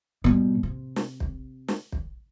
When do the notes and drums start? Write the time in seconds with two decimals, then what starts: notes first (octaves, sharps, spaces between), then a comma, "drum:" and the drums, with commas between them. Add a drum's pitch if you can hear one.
0.24 B2 G3
0.63 C3
0.96 drum: snare
1.20 drum: kick
1.68 drum: snare
1.92 drum: kick